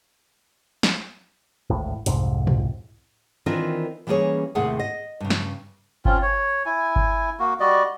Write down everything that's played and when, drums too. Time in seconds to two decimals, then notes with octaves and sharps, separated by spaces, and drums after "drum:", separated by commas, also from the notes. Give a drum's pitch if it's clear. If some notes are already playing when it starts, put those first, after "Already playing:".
0.83 drum: snare
1.70 G#1 D2 A2
2.06 C2 F2 G#2 C3, drum: hi-hat
2.47 drum: tom
3.46 D#3 E3 C4 D4 F4 A#4
4.07 E3 G3 A#3 C#4 G#4 C#5
4.55 D#2 A2 C3 G#4 F#5
4.79 D#5
5.20 G2 C#3
5.30 drum: snare
6.05 C4 C#4 F4, drum: kick G1
6.22 C#5
6.66 E4 G#5
6.96 drum: kick G1
7.39 A#3 F#4
7.60 G3 F#4 D5 D#5